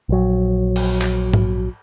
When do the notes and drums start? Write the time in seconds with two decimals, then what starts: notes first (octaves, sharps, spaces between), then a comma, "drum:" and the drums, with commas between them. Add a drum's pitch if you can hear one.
0.09 A#1 F#3
0.76 drum: cymbal
1.02 drum: clap
1.33 drum: tom G#2